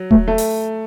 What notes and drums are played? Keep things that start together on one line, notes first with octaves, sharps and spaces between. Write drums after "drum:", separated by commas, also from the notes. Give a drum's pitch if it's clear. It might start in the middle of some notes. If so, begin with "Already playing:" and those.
Already playing: F#3
A3, drum: kick D#1
A3
drum: open hi-hat